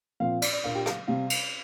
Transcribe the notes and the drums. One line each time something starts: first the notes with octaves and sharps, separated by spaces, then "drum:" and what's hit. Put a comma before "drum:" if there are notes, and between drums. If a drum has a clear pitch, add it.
A#2 F3 C4 F5
D5, drum: cymbal
D5
A#2 A#3 D4 F5
G4 G5
F5, drum: rim click
C3 G3 C4 F5
drum: cymbal